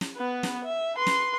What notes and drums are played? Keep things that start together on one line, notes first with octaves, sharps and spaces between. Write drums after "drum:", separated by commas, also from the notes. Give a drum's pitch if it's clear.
drum: snare
B3 B4
drum: snare
E5
B4 C6
drum: snare